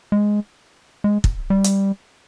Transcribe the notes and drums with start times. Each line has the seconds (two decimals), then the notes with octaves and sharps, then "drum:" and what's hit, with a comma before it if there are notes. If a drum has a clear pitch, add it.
0.12 G#3
1.04 G#3
1.24 drum: kick
1.50 G3
1.64 drum: hi-hat